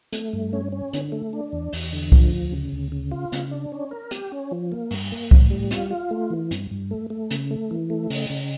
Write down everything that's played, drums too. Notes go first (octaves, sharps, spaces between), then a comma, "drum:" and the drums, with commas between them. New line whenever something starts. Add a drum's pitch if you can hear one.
A3, drum: hi-hat
G2
C#4
C#4
D3, drum: hi-hat
A3
D4
E2
E2, drum: open hi-hat
D3
F3, drum: kick C2
D2
C#3
D2
C#3
F4
C#3, drum: hi-hat
D4
C#4
A#4
G4, drum: hi-hat
C#4
F3
A#3
G2, drum: open hi-hat
A#3
A2, drum: kick C2
G3
F4, drum: hi-hat
F4
A3
E3
G2, drum: hi-hat
G2
A3
A3
C#3, drum: hi-hat
A3
E3
A3
C#3, drum: open hi-hat
C#3